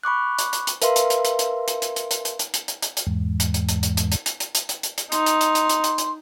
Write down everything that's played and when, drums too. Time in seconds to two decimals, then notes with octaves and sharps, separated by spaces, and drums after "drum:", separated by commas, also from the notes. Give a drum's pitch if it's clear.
0.03 B5 C#6 D6 F#6
0.39 drum: hi-hat
0.53 drum: hi-hat
0.67 drum: hi-hat
0.82 A#4 B4 E5 F5 C6, drum: hi-hat
0.96 drum: hi-hat
1.10 drum: hi-hat
1.25 drum: hi-hat
1.39 drum: hi-hat
1.68 drum: hi-hat
1.82 drum: hi-hat
1.96 drum: hi-hat
2.11 drum: hi-hat
2.25 drum: hi-hat
2.39 drum: hi-hat
2.54 drum: hi-hat
2.68 drum: hi-hat
2.82 drum: hi-hat
2.97 drum: hi-hat
3.07 E2 G#2
3.40 drum: hi-hat
3.54 drum: hi-hat
3.69 drum: hi-hat
3.83 drum: hi-hat
3.97 drum: hi-hat
4.12 drum: hi-hat
4.26 drum: hi-hat
4.40 drum: hi-hat
4.55 drum: hi-hat
4.69 drum: hi-hat
4.83 drum: hi-hat
4.98 drum: hi-hat
5.12 D#4 C6, drum: hi-hat
5.26 drum: hi-hat
5.41 drum: hi-hat
5.55 drum: hi-hat
5.69 drum: hi-hat
5.84 drum: hi-hat
5.98 drum: hi-hat